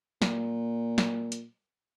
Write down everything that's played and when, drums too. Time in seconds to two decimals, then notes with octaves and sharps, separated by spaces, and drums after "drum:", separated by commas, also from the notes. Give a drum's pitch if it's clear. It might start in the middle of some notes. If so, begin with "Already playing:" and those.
0.22 A#2, drum: snare
0.98 drum: snare
1.32 drum: hi-hat